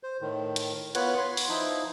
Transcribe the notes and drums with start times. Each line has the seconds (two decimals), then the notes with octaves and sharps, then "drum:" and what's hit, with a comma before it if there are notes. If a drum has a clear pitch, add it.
0.03 C5
0.21 A2 D#3
0.56 drum: hi-hat
0.95 B3 F4 B4 C#5 F#5, drum: hi-hat
1.17 B5 C6
1.37 drum: open hi-hat
1.49 F3 D#4 E4